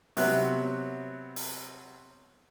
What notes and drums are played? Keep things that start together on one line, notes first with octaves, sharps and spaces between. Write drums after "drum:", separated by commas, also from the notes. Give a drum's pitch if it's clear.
C3 F#3 B3 F#6, drum: open hi-hat
drum: open hi-hat